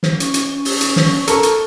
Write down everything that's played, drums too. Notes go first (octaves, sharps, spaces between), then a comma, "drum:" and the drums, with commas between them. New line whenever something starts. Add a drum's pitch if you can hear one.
drum: snare
C#4, drum: hi-hat
drum: hi-hat
C#4
drum: open hi-hat
drum: hi-hat
drum: snare
A4 A#4 A5 C#6, drum: hi-hat
drum: hi-hat